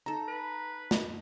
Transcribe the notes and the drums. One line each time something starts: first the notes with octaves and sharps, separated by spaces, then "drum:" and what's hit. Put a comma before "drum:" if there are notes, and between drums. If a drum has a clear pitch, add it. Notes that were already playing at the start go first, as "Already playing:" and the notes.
D#4 A4 A#5
B4
drum: snare